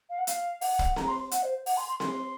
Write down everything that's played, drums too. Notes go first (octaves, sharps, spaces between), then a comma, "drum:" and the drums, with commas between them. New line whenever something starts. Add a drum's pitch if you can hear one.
F5
F#5
F5, drum: hi-hat
F#5, drum: open hi-hat
drum: kick
A#5, drum: snare C4
C6
F#5, drum: hi-hat
C5
F#5, drum: open hi-hat
C6
C6
C6, drum: snare C4